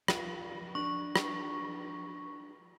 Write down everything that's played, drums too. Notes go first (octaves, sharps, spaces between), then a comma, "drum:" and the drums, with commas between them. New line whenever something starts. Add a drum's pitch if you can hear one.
F4, drum: rim click
D4 C#6
drum: rim click